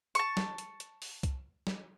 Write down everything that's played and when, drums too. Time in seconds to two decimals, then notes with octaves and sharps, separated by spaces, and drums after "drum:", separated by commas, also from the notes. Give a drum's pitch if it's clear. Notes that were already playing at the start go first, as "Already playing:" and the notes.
0.15 A5 C#6, drum: hi-hat
0.37 drum: snare
0.58 drum: hi-hat
0.80 drum: hi-hat
1.02 drum: open hi-hat
1.23 drum: kick C2, hi-hat
1.67 drum: snare